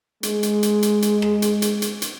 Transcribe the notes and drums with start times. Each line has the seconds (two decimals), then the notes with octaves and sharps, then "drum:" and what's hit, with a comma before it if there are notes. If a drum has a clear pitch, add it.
0.23 G#3, drum: hi-hat
0.43 drum: hi-hat
0.63 drum: hi-hat
0.82 drum: hi-hat
1.02 drum: hi-hat
1.22 drum: rim click
1.42 drum: hi-hat
1.62 drum: hi-hat
1.82 drum: hi-hat
2.02 drum: hi-hat